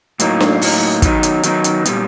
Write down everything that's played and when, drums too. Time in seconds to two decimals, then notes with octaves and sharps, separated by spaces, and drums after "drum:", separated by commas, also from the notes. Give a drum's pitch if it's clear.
0.20 A2 F#3 A#3 D#4, drum: hi-hat
0.40 drum: snare D4
0.61 A2 F#3 A#3 D#4, drum: open hi-hat
1.02 D#3 F#3 B3 D#4, drum: kick, hi-hat
1.23 drum: hi-hat
1.43 D#3 F#3 B3 D#4, drum: hi-hat
1.64 drum: hi-hat
1.85 A#2 G3 B3, drum: hi-hat